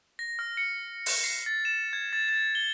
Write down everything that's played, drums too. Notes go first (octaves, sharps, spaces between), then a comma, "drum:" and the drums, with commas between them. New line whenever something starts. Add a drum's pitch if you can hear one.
A#6
F6
C#7
drum: open hi-hat
C7
A6
E7
G#6
A6
A6
G7